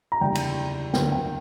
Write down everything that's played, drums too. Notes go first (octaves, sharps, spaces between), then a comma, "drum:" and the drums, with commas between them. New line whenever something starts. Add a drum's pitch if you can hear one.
A#5
F#1 E2 D3 G3 G5
drum: cymbal
D2 D3 F#3 A#3 G5, drum: snare
G5